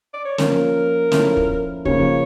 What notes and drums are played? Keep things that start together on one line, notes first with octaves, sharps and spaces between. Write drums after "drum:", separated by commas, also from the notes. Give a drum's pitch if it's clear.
D5
C#5
F3 A#3 C#4 A#4, drum: snare
F3 A3 C#4 E4, drum: snare
drum: kick
C#3 F3 A#3 C#5, drum: kick